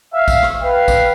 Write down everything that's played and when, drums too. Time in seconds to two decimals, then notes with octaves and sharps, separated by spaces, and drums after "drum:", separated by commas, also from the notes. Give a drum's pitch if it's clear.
0.13 E5 F5
0.28 drum: kick A#1, tambourine
0.43 drum: rim click
0.62 B4 F5 G5
0.88 drum: kick A#1, tambourine